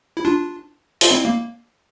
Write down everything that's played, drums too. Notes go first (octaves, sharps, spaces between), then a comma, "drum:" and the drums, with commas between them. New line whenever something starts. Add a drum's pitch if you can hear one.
E4
D4 F4
F4, drum: open hi-hat
C4 E4
A#3